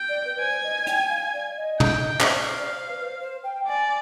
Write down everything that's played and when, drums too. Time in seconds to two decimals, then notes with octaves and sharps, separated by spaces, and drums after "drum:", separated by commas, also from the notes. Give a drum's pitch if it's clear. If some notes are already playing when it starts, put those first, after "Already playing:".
Already playing: G5
0.09 D5
0.25 B4
0.40 C5 G#5
0.63 D#5
0.87 G5, drum: hi-hat
1.09 F5
1.33 D5
1.57 D#5
1.80 G5, drum: tom
2.20 D5, drum: clap
2.26 C5 F5
2.35 D5
2.42 C5
2.58 D5
2.68 D5
2.74 C5
2.89 B4
3.05 C5
3.20 C5
3.43 G5
3.67 D5 G#5